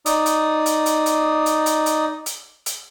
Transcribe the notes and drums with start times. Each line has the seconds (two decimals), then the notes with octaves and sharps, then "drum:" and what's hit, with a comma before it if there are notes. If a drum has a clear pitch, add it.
0.06 D#4 D5 D#6, drum: hi-hat
0.26 drum: hi-hat
0.66 drum: hi-hat
0.86 drum: hi-hat
1.06 drum: hi-hat
1.46 drum: hi-hat
1.66 drum: hi-hat
1.86 drum: hi-hat
2.26 drum: hi-hat
2.66 drum: hi-hat